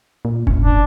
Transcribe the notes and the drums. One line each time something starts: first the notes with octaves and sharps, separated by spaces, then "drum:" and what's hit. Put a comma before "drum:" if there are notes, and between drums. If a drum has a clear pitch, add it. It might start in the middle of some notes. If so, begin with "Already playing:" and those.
A#2
D#1 G#2 C#4, drum: kick F#1
D#1 D4